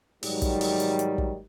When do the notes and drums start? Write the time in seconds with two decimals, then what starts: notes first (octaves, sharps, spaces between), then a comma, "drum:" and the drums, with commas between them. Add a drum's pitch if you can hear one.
0.23 G#2 D#3 F#3 G3, drum: open hi-hat
0.42 drum: kick, hi-hat
0.61 drum: open hi-hat
0.80 drum: hi-hat
0.99 drum: hi-hat
1.18 drum: kick